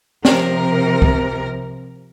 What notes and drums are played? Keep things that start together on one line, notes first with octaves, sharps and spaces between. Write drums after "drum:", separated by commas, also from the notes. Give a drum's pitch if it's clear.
C3 F3 A#4, drum: snare
drum: kick